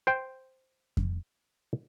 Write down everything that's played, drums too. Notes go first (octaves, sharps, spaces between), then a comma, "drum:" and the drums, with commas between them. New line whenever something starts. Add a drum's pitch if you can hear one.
C5 G5
drum: kick F2